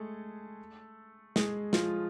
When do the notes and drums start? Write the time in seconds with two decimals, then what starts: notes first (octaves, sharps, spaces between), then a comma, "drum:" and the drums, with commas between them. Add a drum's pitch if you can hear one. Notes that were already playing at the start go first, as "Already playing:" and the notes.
Already playing: G#3 A3 G#4 A4
1.36 G#3 G#4, drum: snare
1.73 F3 F4, drum: snare